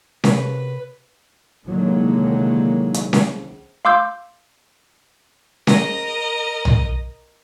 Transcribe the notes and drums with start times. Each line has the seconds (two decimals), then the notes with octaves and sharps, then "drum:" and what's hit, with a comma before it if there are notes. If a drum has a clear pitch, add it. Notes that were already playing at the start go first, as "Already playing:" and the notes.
0.24 C3 A#4 B4 C#5, drum: snare C#4
1.66 C2 D3 D#3 F#3 G#3 A#3
2.94 drum: hi-hat
3.13 drum: snare C#4
3.85 F5 C6 D6 E6 G6
5.67 A#4 D#5, drum: snare C#4
6.65 drum: tom